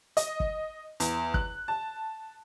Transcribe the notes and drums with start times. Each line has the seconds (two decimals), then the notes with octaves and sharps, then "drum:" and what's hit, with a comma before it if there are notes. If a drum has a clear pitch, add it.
0.17 D#5, drum: hi-hat
0.40 drum: kick
1.00 E2, drum: hi-hat
1.34 F#6, drum: kick
1.68 A5